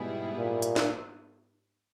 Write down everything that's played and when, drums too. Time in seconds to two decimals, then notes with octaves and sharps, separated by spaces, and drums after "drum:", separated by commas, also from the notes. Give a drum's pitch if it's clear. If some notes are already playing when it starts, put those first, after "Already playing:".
Already playing: G#2 B2 G3 B3 E4 G#4
0.36 A#2
0.62 drum: hi-hat
0.76 drum: snare